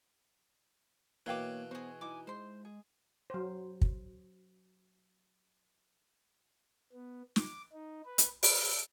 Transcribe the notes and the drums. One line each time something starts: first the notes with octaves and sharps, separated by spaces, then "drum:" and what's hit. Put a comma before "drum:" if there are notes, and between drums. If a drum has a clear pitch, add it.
B2 E3 A#3 A#4 C#5 F5 G5 D6
B3 F#4 G#4 C5
D#4 E4 G#5 D6
G#3 C5 C6
G#4
F#3 C5
drum: kick
B3
D6, drum: snare
D#4
B4
drum: hi-hat
B4, drum: open hi-hat